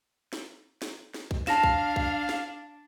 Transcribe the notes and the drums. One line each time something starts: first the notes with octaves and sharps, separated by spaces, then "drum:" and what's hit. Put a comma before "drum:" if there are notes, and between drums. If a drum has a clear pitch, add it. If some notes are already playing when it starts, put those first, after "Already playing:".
drum: snare
drum: snare
drum: snare
drum: kick
D4 F5 A5 A#6 E7, drum: snare
drum: kick
drum: kick
drum: snare